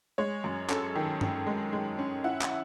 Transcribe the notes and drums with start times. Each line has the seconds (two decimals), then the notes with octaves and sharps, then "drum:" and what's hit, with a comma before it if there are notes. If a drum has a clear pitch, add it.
0.18 G#3 C#5
0.44 F#2
0.70 C#4 A4, drum: clap
0.95 D#3
1.21 C#4, drum: tom G2
1.47 G#3
1.73 G#3
1.98 C#4
2.24 E4 F#5
2.41 drum: clap